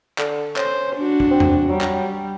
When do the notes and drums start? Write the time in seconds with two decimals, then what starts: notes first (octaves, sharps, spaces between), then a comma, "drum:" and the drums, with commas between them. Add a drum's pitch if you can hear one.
0.18 D3, drum: clap
0.56 C#4 C5, drum: clap
0.96 D4 F#4
1.20 drum: kick
1.31 C4
1.40 drum: tom E2
1.69 F#3 G3
1.81 drum: clap